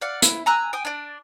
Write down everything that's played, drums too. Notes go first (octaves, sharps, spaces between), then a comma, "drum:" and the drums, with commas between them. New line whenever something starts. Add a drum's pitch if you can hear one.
D5 F5 F#5
E4, drum: hi-hat
G#5 A#5 E6 F#6
G5 G#5 D#6
D4 D5